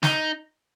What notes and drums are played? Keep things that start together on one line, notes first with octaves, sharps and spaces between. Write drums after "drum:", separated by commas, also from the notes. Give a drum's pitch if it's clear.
D#4, drum: snare